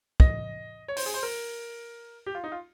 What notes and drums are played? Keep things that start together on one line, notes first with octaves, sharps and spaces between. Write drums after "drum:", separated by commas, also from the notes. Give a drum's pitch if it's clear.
D#5, drum: kick
C#5
C5, drum: open hi-hat
G#4
C5
A#4
G4
F4
D#4
F4